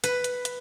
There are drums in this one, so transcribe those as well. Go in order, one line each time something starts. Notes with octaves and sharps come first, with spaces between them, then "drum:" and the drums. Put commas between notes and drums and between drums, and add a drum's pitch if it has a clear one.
B4, drum: hi-hat
drum: hi-hat
drum: hi-hat